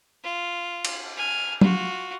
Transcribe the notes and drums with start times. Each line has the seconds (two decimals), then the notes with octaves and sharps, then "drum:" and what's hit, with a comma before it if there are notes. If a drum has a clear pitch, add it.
0.23 F4
0.85 drum: cymbal
1.17 G#5 F6
1.61 F4 F#4, drum: tom F#3